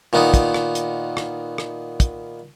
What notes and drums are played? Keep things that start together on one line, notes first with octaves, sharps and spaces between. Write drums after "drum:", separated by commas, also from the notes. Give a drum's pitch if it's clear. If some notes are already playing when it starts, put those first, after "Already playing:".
A#2 D#3 B3 D#4
drum: kick, hi-hat
drum: rim click
drum: hi-hat
drum: rim click
drum: rim click
drum: kick, hi-hat